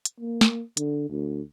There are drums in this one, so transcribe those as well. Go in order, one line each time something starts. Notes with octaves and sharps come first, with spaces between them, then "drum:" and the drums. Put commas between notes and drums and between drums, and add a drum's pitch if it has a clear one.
drum: hi-hat
A#3
drum: snare
D3, drum: hi-hat
D2